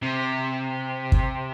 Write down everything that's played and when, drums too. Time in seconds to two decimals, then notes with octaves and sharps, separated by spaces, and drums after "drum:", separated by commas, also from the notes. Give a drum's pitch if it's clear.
0.02 C3
1.12 drum: kick